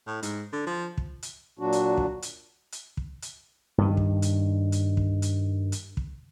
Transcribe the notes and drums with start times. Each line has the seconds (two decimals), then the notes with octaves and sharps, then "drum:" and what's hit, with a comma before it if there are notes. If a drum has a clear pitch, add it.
0.07 A2
0.23 G#2, drum: hi-hat
0.53 D3
0.67 F3
0.98 drum: kick
1.23 drum: hi-hat
1.59 A#2 F#3 D4 F#4
1.72 drum: hi-hat
1.97 drum: kick
2.22 drum: hi-hat
2.72 drum: hi-hat
2.97 drum: kick
3.22 drum: hi-hat
3.78 G2 D#3
3.97 drum: kick
4.22 drum: hi-hat
4.72 drum: hi-hat
4.97 drum: kick
5.22 drum: hi-hat
5.72 drum: hi-hat
5.97 drum: kick